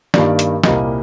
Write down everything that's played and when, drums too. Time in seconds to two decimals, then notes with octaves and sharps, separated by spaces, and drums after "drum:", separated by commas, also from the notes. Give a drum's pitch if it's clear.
0.14 G2 D#3 G3 A#3 D5, drum: snare
0.39 drum: hi-hat
0.64 C2 A#2 G3 A#3 D#5, drum: snare